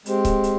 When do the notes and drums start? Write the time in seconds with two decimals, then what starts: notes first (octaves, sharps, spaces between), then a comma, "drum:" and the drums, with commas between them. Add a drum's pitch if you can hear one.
0.06 G#3 C4 G4 C5, drum: hi-hat
0.25 drum: kick, hi-hat
0.44 drum: hi-hat